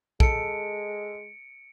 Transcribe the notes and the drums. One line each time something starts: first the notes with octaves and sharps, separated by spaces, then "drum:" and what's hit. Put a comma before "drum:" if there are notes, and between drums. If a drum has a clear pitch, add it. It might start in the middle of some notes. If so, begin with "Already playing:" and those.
G#3 A4 C#7 D7, drum: kick